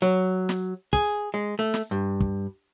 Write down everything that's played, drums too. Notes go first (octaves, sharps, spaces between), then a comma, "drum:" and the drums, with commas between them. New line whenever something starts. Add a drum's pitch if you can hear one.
F#3
drum: snare
G#4, drum: kick
G#3
A3
drum: snare
G2
drum: kick